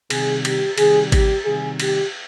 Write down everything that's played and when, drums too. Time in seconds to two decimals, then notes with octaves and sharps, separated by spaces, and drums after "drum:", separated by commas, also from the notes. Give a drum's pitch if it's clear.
0.10 C3 D#3 G3 G#4, drum: cymbal
0.45 G4, drum: cymbal
0.78 C3 D#3 G3 G#4, drum: cymbal
1.12 G4, drum: kick G#1, cymbal
1.45 C3 D#3 G3 G#4
1.80 G4, drum: cymbal